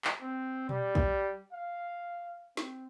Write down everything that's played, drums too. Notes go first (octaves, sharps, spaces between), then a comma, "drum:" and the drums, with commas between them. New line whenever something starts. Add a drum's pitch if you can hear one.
drum: clap
C4
G3, drum: tom A#2
drum: kick A#1
F5
C4, drum: snare